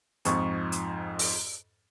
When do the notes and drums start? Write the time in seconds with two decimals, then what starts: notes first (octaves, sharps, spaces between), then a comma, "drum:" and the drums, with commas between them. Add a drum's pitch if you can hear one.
0.25 F2 G#2 F3 C#6, drum: hi-hat
0.72 drum: hi-hat
1.19 drum: open hi-hat